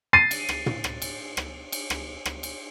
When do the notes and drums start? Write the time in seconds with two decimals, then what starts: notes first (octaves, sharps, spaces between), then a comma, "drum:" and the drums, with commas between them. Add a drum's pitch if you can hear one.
0.13 A6 C7 D#7
0.31 drum: cymbal
0.49 drum: rim click
0.66 drum: tom
0.84 drum: rim click
1.02 drum: cymbal
1.37 drum: rim click
1.72 drum: cymbal
1.90 drum: rim click
2.25 drum: rim click
2.43 drum: cymbal